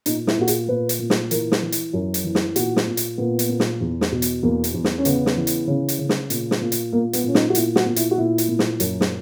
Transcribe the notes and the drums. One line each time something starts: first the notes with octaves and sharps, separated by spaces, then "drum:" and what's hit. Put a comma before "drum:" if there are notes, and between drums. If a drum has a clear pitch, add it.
A#2 D#4, drum: hi-hat
E4, drum: snare
A#2 F#4
G#4, drum: hi-hat
A#2 B4
drum: hi-hat
A#2
drum: snare
E3 A#4, drum: hi-hat
drum: snare
E3
drum: hi-hat
F#2
drum: hi-hat
E3
drum: snare
A#2 F#4, drum: hi-hat
drum: snare
A#2
drum: hi-hat
A#2 B3
drum: hi-hat
A#2
drum: snare
E2
drum: snare
B2
drum: hi-hat
E2 A#3
drum: hi-hat
E2
drum: snare
C#4
C#3 B3, drum: hi-hat
drum: snare
E3
drum: hi-hat
C#3
drum: hi-hat
C#3
drum: snare
A#2, drum: hi-hat
drum: snare
A#2
drum: hi-hat
A#2 A#3
B3, drum: hi-hat
A#2 C#4
D#4, drum: snare
F#4
A#2 E4, drum: hi-hat
F#4, drum: snare
A#2
E4, drum: hi-hat
F#4
A#2 E4
drum: hi-hat
A#2
drum: snare
F#2, drum: hi-hat
drum: snare